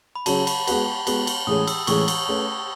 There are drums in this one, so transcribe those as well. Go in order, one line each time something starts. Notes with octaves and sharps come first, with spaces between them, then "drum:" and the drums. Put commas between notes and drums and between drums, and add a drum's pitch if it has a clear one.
B5
C#3 F#3 C#4 G#4 A5, drum: cymbal
B5, drum: cymbal
G#3 B3 F#4 B4, drum: cymbal
G#3 B3 F#4 B4, drum: cymbal
drum: cymbal
A2 E3 G#3 C#4 G#4 D#6
E6, drum: cymbal
A2 E3 G#3 C#4 G#4 C#6, drum: cymbal
drum: cymbal
A3 C#4 G#4 B4